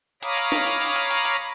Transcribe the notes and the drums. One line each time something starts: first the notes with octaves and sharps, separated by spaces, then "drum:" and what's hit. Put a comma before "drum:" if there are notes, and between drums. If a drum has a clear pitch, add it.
C#5 F5 A#5 B5 D6 D#6, drum: hi-hat
drum: hi-hat
drum: snare
drum: hi-hat
drum: open hi-hat
drum: hi-hat
drum: hi-hat
drum: hi-hat